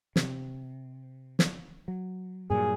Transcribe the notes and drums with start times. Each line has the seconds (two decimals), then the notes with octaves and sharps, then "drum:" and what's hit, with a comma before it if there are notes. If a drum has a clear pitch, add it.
0.16 C3, drum: snare
1.39 drum: snare
1.88 F#3
2.50 G2 A#2 F#3 G#4